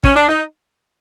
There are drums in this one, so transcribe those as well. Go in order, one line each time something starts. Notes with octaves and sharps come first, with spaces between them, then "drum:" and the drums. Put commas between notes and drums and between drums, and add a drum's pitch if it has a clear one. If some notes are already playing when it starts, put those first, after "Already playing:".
C#4, drum: kick
D4
D#4